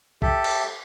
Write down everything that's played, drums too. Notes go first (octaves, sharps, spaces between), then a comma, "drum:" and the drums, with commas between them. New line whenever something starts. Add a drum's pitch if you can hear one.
G4 A4 E5, drum: kick
drum: cymbal